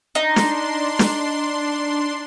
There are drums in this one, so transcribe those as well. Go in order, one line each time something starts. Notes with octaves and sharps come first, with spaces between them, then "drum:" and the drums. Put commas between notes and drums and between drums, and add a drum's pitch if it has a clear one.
D4 D#4 C6
drum: snare
drum: snare